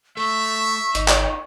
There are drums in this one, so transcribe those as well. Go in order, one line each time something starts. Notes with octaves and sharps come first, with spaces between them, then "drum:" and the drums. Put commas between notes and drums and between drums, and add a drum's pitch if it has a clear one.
A3 E5 C#6
G#1 D#4, drum: hi-hat
drum: clap